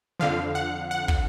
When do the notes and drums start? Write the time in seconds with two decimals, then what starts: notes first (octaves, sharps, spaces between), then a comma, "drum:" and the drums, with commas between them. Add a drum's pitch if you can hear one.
0.20 F2 D3 F3 F5
0.55 F#5
0.91 F#5
1.08 drum: kick